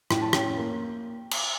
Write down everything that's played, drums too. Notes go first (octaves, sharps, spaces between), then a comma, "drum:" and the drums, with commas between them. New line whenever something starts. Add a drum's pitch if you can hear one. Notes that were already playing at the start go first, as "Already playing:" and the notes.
A2 G5, drum: rim click
A5
C#4 G5, drum: rim click
A#3
drum: cymbal